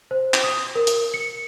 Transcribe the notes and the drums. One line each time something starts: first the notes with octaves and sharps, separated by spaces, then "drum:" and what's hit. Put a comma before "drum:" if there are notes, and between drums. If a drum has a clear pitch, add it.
C5
drum: clap
D#6
A#4
drum: hi-hat
C#7